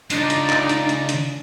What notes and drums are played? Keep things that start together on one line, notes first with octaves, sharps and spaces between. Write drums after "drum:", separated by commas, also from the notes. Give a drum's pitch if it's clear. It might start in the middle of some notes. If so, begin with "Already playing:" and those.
C#3 D4 D#4 F4 D5, drum: hi-hat
drum: hi-hat
drum: clap
drum: hi-hat
drum: hi-hat
drum: hi-hat